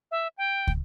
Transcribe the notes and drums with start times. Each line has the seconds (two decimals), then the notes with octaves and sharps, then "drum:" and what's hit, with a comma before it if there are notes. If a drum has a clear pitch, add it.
0.11 E5
0.38 G5
0.67 drum: kick